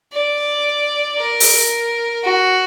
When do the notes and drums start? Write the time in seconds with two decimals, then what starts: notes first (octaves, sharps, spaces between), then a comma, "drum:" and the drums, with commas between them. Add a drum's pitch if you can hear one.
0.13 D5
1.18 A#4
1.40 drum: open hi-hat
2.24 F#4